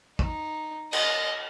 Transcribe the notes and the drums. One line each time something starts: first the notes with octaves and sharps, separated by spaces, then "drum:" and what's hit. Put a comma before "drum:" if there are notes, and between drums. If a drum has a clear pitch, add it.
D#4, drum: kick
D#5, drum: cymbal